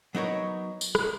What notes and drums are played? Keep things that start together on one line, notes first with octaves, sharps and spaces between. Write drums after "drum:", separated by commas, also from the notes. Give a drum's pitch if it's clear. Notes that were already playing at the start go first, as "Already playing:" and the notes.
F#3 B3 D#4 A#4 C#5
drum: tambourine
drum: rim click